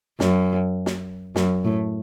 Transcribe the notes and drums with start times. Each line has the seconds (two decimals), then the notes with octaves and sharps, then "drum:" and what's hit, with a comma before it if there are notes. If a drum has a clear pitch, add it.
0.20 F#2, drum: snare
0.86 drum: snare
1.36 F#2, drum: snare
1.65 A2